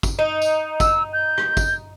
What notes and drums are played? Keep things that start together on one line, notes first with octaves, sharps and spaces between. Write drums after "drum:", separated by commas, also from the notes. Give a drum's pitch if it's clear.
drum: kick, tambourine
D#4
drum: tambourine
E6, drum: kick, tambourine
G6
drum: rim click
drum: kick, tambourine